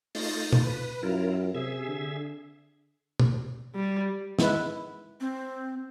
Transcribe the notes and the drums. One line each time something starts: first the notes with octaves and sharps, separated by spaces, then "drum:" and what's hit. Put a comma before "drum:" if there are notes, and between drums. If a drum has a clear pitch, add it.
A3 D#4 F4, drum: open hi-hat
drum: tom
B4
F#2 E4 F4 A#4
C3 G#4 E5
D3
drum: tom
G3
G#3 E4 B4, drum: snare
C4